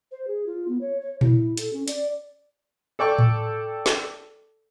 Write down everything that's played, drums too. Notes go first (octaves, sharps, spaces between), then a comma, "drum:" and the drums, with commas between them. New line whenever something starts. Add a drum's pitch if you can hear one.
C5
G#4
F4
B3
C#5
C#5
E4, drum: tom A#2
A4, drum: hi-hat
C#4
D5, drum: hi-hat
A4 D5 G5 C#6
drum: tom A2
drum: snare